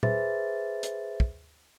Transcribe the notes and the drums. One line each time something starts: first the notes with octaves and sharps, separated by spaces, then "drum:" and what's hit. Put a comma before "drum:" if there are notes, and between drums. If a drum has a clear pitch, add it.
G#4 B4 C5 E5 A6, drum: tom A#2
drum: hi-hat
drum: kick